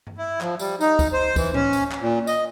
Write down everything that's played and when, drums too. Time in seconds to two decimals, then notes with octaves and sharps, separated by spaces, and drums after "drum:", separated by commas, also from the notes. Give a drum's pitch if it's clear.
0.07 drum: tom G2
0.18 E4
0.41 F3, drum: clap
0.59 G3, drum: tambourine
0.81 D#4, drum: tambourine
0.99 drum: kick, tambourine
1.13 C5
1.36 E3, drum: kick, tambourine
1.54 C#4, drum: tom A2
1.73 drum: tambourine
1.91 drum: clap
2.01 A#2
2.27 D#5, drum: tambourine